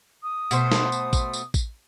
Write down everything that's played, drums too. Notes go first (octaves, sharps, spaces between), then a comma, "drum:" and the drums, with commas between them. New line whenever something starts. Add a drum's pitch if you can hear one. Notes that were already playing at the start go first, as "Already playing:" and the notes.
D#6
B2 A3 C5, drum: tambourine
drum: snare
drum: tambourine
drum: kick A1, tambourine
drum: tambourine
drum: kick A1, tambourine